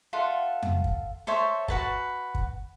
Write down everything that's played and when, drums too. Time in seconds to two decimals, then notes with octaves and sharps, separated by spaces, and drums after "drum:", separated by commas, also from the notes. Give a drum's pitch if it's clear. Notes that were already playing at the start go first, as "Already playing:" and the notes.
0.13 F4 A4 E5 F#5
0.63 drum: tom F2
0.84 drum: kick
1.27 A4 C5 C#5 E5
1.68 F#4 B4 A5, drum: kick
2.35 drum: kick